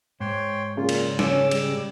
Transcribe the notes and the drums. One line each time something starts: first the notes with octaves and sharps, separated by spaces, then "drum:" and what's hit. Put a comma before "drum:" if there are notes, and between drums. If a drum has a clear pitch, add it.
G#2 C#5 G5 C6
A#2 C#3 F4
drum: cymbal
C#4 D6 E6, drum: snare
G3, drum: cymbal